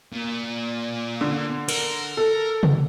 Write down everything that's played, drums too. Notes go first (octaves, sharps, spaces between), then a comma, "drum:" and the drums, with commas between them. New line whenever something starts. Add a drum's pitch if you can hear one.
A#2
D3
A#4, drum: cymbal
A4
drum: tom C3